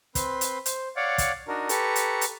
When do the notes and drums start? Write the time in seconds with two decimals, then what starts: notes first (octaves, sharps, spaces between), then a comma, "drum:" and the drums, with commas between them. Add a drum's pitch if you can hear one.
0.15 C4 B4 B5 C6, drum: kick, hi-hat
0.41 drum: hi-hat
0.66 C5, drum: hi-hat
0.96 C#5 D5 F5 F#5
1.18 drum: kick, hi-hat
1.48 D4 D#4 F#4 A#4
1.69 G4 A4 B4 A#5 C#6, drum: hi-hat
1.96 drum: hi-hat
2.21 drum: hi-hat